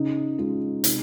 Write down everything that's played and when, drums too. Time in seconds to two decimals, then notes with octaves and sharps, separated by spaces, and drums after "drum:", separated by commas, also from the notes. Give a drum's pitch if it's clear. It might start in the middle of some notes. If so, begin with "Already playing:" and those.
Already playing: C#3 D#4
0.38 G#3 F4
0.84 C3 D#4, drum: hi-hat